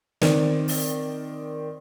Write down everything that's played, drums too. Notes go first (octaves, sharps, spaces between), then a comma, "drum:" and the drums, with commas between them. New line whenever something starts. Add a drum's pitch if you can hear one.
D#3 C4 D5, drum: snare
drum: open hi-hat